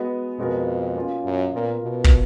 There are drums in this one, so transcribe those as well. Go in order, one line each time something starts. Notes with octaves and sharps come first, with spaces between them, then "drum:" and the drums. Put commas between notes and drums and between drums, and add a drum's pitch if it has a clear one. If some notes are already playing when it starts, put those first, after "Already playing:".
Already playing: G#3 B3 F#4 B4 D#5
F2 B2 G#3 B3 F#4 A#4
A#3 C#4 F4
F#2
A#2 B3 F4 A#4
B2
drum: kick